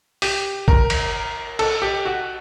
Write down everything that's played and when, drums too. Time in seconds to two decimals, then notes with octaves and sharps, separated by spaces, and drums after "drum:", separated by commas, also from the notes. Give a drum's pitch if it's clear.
0.22 G4, drum: open hi-hat
0.68 A#4, drum: kick
0.90 drum: cymbal
1.59 A4, drum: cymbal
1.82 G4
2.05 F#4